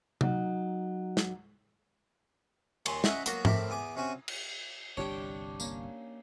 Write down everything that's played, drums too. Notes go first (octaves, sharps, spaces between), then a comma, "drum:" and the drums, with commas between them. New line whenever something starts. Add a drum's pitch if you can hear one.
F#3 D#4, drum: tom C3
drum: snare
D#2 C#5 G#5 C6, drum: cymbal
C#4 D#5 E5 F#5 A#5, drum: snare
F#3 A#3 B3 F#4 A#5, drum: hi-hat
A2 C4 E4 A#4 B5 D6, drum: tom G#2
E2 G#5 D6 D#6
C3 C#4 F#4 G#5
drum: cymbal
G1 C2 C3 D4 G4 C#5 G5
A#3 C#4, drum: tambourine